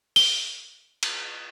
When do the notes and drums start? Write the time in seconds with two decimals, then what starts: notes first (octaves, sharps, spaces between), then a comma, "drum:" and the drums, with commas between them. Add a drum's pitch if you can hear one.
0.16 G7, drum: open hi-hat
1.03 drum: cymbal